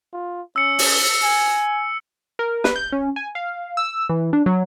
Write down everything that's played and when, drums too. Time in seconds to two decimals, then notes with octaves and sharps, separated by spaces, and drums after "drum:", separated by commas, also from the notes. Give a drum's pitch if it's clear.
0.13 F4
0.56 C#4 E6 C#7
0.79 drum: open hi-hat
1.23 G#5
2.39 A#4
2.64 B4, drum: snare
2.76 G6
2.92 C#4
3.16 G#5
3.35 F5
3.77 E6
4.09 E3
4.33 D4
4.46 F#3